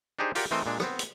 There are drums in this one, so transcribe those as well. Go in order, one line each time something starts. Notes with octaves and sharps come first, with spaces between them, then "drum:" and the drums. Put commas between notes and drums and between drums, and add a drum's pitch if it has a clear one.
D4 D#4 G4 G#4 C5
F4 G4 A#4 D5 F#5, drum: open hi-hat
E3 A3 C4 A#4 C5 D#5
A#2 G#3 D4
B3 C4, drum: rim click
drum: hi-hat